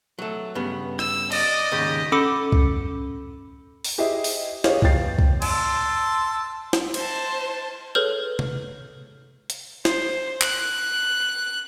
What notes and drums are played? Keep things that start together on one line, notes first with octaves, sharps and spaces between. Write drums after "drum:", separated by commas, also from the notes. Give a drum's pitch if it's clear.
F#3 A3
G2 C#3 B3
E6, drum: rim click
D5 D#5, drum: cymbal
D#2 G#2 C#3 G4
C#4 A4 B5 D6 E6 C#7
drum: kick C#2
drum: open hi-hat
E4 G4 G#4 C5 D#5 E5
drum: open hi-hat
G4 G#4 B4 C#5 D#5 F5, drum: snare
E2 F3 F4 G5 A6 C7, drum: kick C#2
drum: kick C#2
A5 C6 E6, drum: cymbal
drum: snare
C5 A5, drum: cymbal
G#4 A4 B4 C#5 F6 G6
drum: tom
drum: hi-hat
C5, drum: snare
F#6, drum: clap